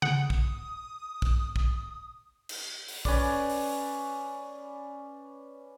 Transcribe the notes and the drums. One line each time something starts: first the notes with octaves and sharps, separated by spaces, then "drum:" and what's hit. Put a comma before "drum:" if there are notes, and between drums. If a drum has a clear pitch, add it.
F#5 D#6, drum: tom C#3
drum: kick
drum: kick
drum: kick
drum: cymbal
drum: open hi-hat
C#4 B4 D5, drum: kick
drum: open hi-hat